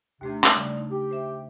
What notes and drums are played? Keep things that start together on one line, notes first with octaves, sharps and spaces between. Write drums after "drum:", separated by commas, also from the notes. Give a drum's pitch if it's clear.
D#2 C3 A3 D4
drum: clap
C#3 G3 A3
D#4
G4
C5 E5